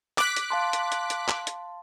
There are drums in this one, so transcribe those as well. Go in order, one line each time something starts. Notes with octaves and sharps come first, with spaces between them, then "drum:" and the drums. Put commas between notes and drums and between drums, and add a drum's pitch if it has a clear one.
D6 F#6 B6, drum: clap
drum: hi-hat
F5 A5 C6
drum: hi-hat
drum: hi-hat
drum: hi-hat
drum: clap
drum: hi-hat